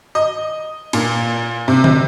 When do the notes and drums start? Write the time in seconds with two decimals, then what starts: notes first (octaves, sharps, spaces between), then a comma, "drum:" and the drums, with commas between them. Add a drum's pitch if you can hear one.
0.15 D#5
0.93 A#2, drum: cymbal
1.68 C3
1.84 drum: tom D3